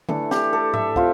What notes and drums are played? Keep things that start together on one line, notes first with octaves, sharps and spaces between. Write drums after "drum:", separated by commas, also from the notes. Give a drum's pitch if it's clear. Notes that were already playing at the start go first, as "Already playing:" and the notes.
E3 A3 D4 A4, drum: tom D3
G4, drum: snare
A4
E5, drum: tom G#2
F3 C4 F4, drum: kick